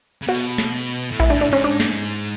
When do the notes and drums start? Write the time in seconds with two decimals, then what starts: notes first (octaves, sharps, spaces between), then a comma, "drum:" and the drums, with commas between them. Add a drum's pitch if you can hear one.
0.22 C#3
0.27 B2 F#4
0.58 drum: snare
1.11 A2
1.20 G#2 E4, drum: kick A#1
1.30 D4
1.34 A2
1.41 D4
1.50 G#2 C#4
1.64 D4
1.80 drum: snare